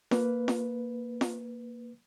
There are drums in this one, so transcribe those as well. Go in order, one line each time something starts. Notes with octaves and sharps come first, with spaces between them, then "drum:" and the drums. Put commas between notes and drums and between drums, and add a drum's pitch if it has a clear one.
A#3 B4, drum: snare F4
drum: snare F4
drum: snare F4